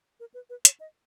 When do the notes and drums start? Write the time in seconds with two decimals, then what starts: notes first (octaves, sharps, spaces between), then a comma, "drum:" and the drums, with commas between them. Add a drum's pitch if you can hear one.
0.20 A#4
0.34 B4
0.50 B4
0.65 C#5, drum: hi-hat
0.80 D#5